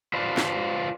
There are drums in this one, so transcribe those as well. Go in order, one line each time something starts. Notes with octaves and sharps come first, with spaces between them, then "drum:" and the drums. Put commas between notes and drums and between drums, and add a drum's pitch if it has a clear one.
F4 B4 C5 D5
drum: snare